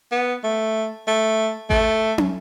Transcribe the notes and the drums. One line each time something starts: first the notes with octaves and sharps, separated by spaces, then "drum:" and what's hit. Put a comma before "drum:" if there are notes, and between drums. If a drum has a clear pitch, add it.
B3
A3
A3
A3, drum: kick G#1
drum: tom